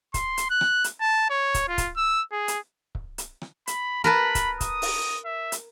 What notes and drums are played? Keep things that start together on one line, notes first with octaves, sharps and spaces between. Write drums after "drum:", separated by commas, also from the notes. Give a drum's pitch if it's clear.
C6, drum: kick C#1, hi-hat
drum: hi-hat
F#6
drum: rim click
drum: hi-hat
A5
C#5
drum: kick C#1, hi-hat
F4
drum: kick C#1, hi-hat
E6
G#4
drum: hi-hat
drum: kick C#1
drum: hi-hat
drum: rim click
B5, drum: hi-hat
A#4 B4 A5 B5
drum: kick C#1, hi-hat
D#6, drum: kick C#1, hi-hat
drum: open hi-hat
E5
drum: hi-hat